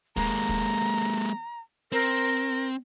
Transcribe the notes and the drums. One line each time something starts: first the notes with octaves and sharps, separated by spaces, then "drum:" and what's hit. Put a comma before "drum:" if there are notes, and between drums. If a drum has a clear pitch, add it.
G#3 A#3 A#5, drum: kick
drum: kick
C4 A#4